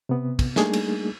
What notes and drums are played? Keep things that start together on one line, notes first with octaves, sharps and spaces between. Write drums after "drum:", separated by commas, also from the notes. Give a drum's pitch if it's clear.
C3 B3
drum: kick, cymbal
G3 A3 A#3 D4 D#4 G#4, drum: snare
drum: cymbal